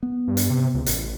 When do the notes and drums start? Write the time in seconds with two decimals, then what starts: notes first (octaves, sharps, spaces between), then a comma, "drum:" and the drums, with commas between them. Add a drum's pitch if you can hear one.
0.03 B3
0.27 G2
0.37 drum: hi-hat
0.50 C3
0.74 C#2
0.86 A1, drum: hi-hat